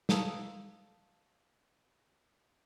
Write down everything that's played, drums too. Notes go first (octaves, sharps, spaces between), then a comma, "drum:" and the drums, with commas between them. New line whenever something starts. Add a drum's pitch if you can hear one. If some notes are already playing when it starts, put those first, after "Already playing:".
F5 A5 A#5 D#6 E6, drum: snare